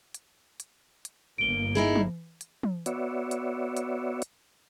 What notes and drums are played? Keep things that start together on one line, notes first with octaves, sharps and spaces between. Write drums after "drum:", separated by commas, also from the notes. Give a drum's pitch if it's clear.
drum: hi-hat
drum: hi-hat
drum: hi-hat
G1 A#3 D7 G7
D#4 E4 G#4
drum: tom
drum: hi-hat
drum: tom
B3 F#4 C#5 D5 E5, drum: hi-hat
drum: hi-hat
drum: hi-hat
drum: hi-hat